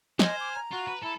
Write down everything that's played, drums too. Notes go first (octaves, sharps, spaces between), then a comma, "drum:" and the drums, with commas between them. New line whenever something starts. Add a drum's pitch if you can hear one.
C5 D#5 G#5 F6, drum: snare
D6
A#5
F4 F#4
B4
E4 A4